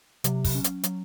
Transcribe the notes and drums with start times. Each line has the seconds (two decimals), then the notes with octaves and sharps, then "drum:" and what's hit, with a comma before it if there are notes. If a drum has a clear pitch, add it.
0.24 C3 F#3, drum: hi-hat
0.45 drum: kick, open hi-hat
0.55 C#4
0.64 drum: hi-hat
0.83 F#3, drum: hi-hat